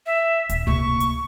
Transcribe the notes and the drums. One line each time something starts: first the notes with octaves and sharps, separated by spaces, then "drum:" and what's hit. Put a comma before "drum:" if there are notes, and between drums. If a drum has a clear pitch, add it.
E5
D#1, drum: hi-hat
C3 A#3 C#6, drum: tom C#2
drum: hi-hat